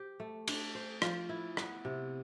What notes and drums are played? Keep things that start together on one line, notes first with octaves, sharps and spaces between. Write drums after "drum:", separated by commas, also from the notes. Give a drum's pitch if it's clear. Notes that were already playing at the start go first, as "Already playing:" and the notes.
Already playing: G4 C5
A3
D4, drum: cymbal
C5
F3, drum: rim click
E4
B3, drum: rim click
C3